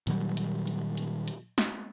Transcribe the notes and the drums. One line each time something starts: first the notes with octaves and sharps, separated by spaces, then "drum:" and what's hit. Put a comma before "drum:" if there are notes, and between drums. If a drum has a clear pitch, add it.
A#2 D#3 F#3 G3, drum: hi-hat
drum: hi-hat
drum: hi-hat
drum: hi-hat
drum: hi-hat
drum: snare